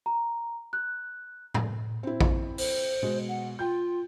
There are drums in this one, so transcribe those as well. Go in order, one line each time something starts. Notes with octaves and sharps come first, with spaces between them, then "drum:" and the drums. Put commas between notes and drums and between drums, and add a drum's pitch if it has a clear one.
A#5
F#6
drum: tom A2
C4 E4
drum: kick A#1
C5, drum: open hi-hat
B2 G#3
F#5
F4 G5 G6